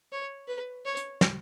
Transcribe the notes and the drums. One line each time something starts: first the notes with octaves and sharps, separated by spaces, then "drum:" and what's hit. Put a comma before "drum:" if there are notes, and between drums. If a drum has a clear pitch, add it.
C#5
B4
C#5
drum: hi-hat
drum: snare